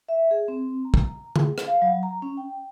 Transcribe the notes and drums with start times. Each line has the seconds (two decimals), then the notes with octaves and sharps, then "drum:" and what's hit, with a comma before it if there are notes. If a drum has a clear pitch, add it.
0.09 E5
0.31 G#4
0.48 C4
0.85 A#5
0.94 drum: kick
1.36 G#4, drum: tom
1.58 drum: rim click
1.67 F5
1.82 F#3
2.03 A#5
2.22 C#4
2.37 G5